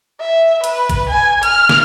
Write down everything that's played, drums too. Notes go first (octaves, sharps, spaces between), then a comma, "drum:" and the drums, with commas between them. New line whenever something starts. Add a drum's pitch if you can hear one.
E5
B4, drum: hi-hat
drum: kick A1, hi-hat
G#5
F6, drum: hi-hat
drum: snare